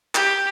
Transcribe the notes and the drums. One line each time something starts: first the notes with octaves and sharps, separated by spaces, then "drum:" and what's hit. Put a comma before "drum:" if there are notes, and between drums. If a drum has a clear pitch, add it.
G4, drum: clap